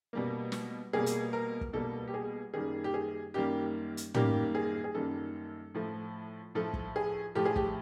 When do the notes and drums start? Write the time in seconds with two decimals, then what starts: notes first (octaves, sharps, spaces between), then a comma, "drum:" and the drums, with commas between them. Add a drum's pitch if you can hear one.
0.13 B2 G3 A#3
0.52 drum: snare
0.93 B2 G3 A#3 G#4
1.06 drum: hi-hat
1.33 A#4
1.61 drum: kick
1.73 B2 G3 A#3 A4
2.08 G4
2.14 G#4
2.54 F#2 D#3 G3 A#3 G#4
2.84 G4
2.94 G#4
3.34 F#2 D#3 G3 A#3 G4
3.97 drum: hi-hat
4.14 F#2 D#3 G3 A#3 G4, drum: tom
4.55 G#4
4.84 G#4
4.94 F#2 D#3 G3 A#3 A4
5.75 A2 F3 A3
6.55 A2 F3 A3 A4
6.74 drum: kick
6.96 G#4
7.35 A2 F3 A3 G4
7.45 G#4
7.56 G4, drum: kick